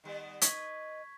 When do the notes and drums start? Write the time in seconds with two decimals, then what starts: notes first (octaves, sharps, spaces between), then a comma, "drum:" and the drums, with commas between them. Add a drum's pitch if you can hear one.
0.04 D#3 G3 B3
0.42 B4 D#5 C#6 G#6 B6, drum: hi-hat